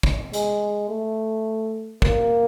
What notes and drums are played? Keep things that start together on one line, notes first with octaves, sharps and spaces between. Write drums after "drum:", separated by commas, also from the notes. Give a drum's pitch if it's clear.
drum: kick
G#3, drum: hi-hat
A3
A#3, drum: kick